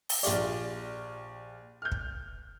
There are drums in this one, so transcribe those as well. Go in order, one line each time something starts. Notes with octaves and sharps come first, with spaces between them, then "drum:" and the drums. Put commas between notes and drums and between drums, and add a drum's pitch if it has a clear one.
drum: open hi-hat
A#1 F4 G4 D5, drum: hi-hat
F6 G6
drum: kick